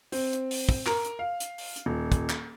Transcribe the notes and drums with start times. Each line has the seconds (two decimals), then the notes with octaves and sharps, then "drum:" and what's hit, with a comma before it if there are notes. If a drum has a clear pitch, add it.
0.12 C4, drum: open hi-hat
0.33 drum: hi-hat
0.51 drum: open hi-hat
0.69 drum: kick
0.86 A#4, drum: clap
1.04 drum: hi-hat
1.19 F5
1.40 drum: hi-hat
1.58 drum: open hi-hat
1.76 drum: hi-hat
1.86 D#1
2.12 drum: kick, hi-hat
2.30 drum: clap